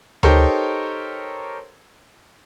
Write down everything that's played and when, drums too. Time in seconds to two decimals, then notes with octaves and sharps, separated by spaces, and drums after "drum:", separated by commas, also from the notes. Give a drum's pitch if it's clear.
0.23 D#4 G4 A4 A#4 C5 C#5, drum: tom D2